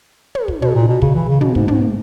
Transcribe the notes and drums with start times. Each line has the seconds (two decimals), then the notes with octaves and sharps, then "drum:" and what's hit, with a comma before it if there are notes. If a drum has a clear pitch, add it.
0.35 drum: tom
0.48 drum: kick
0.62 B2, drum: tom
0.75 A#2
0.88 B2
1.02 C#3, drum: kick
1.15 E3
1.28 C#3
1.41 B2, drum: tom
1.55 G#2, drum: kick
1.68 G#2, drum: tom